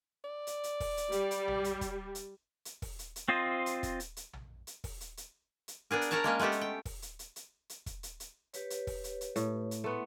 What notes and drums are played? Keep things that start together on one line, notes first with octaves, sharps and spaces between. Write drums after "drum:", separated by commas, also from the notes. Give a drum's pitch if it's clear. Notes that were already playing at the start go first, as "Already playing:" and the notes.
D5
drum: hi-hat
drum: hi-hat
drum: kick, open hi-hat
drum: hi-hat
G3, drum: hi-hat
drum: hi-hat
drum: tom
drum: hi-hat
drum: kick, hi-hat
drum: hi-hat
drum: hi-hat
drum: kick, open hi-hat
drum: hi-hat
drum: hi-hat
C4 F4 C5 D#5
drum: hi-hat
drum: kick, hi-hat
drum: hi-hat
drum: hi-hat
drum: tom
drum: hi-hat
drum: kick, open hi-hat
drum: hi-hat
drum: hi-hat
drum: hi-hat
B3 D4 G#4 A#4
drum: hi-hat
A#4 C#5 D5 A5 A#5
G#3 A#3 C#4
G#3 A3 B3 G4 A4
drum: hi-hat
G5
drum: kick, open hi-hat
drum: hi-hat
drum: hi-hat
drum: hi-hat
drum: hi-hat
drum: kick, hi-hat
drum: hi-hat
drum: hi-hat
G4 B4 C#5, drum: hi-hat
drum: hi-hat
drum: kick, open hi-hat
drum: hi-hat
drum: hi-hat
A2, drum: hi-hat
drum: hi-hat
A3 B3 C6